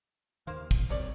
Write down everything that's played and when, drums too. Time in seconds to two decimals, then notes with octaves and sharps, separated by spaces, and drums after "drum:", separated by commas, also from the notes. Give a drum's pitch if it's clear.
0.47 D#2 D#3 A#3 C5 F5
0.71 drum: kick
0.89 G#1 G3 C4 A#4 C#5 D5